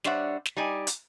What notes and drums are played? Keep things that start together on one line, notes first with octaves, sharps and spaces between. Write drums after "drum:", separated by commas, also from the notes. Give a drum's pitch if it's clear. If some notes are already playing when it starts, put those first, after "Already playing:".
G3 D4 C5 C#5 E5 F#5, drum: snare
drum: snare
G3 D#4 D5 G#5
drum: hi-hat